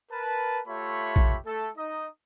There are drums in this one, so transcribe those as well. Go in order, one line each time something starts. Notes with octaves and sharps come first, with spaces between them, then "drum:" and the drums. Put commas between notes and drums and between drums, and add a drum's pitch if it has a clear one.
A#4 B4 A5
A3 F4 G4 C#5 E5 B5
drum: kick A#1
A3 A4
D#4 D#5